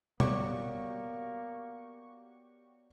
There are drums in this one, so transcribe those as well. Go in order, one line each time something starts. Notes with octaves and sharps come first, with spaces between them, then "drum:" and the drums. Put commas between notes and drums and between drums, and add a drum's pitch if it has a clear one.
A#3 B3 F#4 G4 C#5 D5 C#6 D6, drum: tom